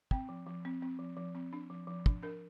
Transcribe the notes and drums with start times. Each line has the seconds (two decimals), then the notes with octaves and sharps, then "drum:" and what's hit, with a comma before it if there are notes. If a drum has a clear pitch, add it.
0.11 C4 G5, drum: kick
0.29 F3
0.46 F3
0.65 C4
0.82 C4
0.99 F3
1.17 F3
1.35 C4
1.53 D4
1.70 F3
1.87 F3
2.06 D4, drum: kick
2.22 D4 A#4